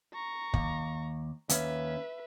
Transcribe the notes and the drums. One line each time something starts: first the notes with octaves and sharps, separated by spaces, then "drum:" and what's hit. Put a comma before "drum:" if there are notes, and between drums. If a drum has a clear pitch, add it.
A#5 C#6
D#2, drum: kick
D#2 C#4 B4 E5, drum: hi-hat